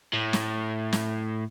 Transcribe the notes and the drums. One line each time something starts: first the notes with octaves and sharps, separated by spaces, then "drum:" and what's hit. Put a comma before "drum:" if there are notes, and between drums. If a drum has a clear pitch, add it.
A2
drum: snare
drum: snare